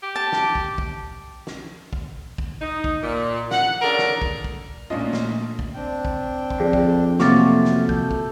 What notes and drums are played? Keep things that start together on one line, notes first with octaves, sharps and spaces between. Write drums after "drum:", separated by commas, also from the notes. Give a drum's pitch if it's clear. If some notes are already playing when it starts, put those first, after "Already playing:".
G4
A5
drum: snare
drum: kick
drum: kick
drum: snare
drum: kick
drum: kick
D#4
drum: kick
A#2
F#5, drum: snare
C#3 D4 A4 A#4
drum: snare
drum: kick
drum: kick
A#2 A3 C#4 D4 F4 D#5
drum: snare
drum: kick
C4 D4 G5
drum: kick
drum: kick
F2 G#4 D5
drum: kick
C3 F#3 A3 A#3 C#6 D6 A6, drum: snare
drum: snare
A4 G6, drum: kick
drum: kick